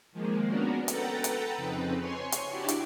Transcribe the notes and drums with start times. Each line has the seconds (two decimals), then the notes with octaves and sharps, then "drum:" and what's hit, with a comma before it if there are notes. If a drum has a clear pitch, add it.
0.12 D#3 F3 G#3 A#3
0.45 B3 C#4 D4 F#4 A#4
0.88 A4 B4 F#5 G5 A5 A#5, drum: hi-hat
1.24 drum: hi-hat
1.56 F2 C#3 C4 D#4 B4
1.98 C#5 G#5 C6 C#6
2.32 drum: hi-hat
2.50 D4 E4 F#4 G4 D5
2.68 drum: hi-hat